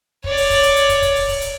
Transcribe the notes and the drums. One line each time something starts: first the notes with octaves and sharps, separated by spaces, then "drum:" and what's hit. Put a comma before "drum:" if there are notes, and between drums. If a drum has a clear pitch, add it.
C#5 D5, drum: kick
drum: open hi-hat
drum: kick, open hi-hat
drum: hi-hat
drum: hi-hat
drum: kick, hi-hat
drum: kick, hi-hat
drum: open hi-hat
drum: kick, open hi-hat
drum: hi-hat